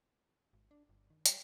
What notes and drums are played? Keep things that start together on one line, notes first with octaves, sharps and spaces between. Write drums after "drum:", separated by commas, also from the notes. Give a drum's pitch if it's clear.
G#1
D4
G1
D#3
G3, drum: hi-hat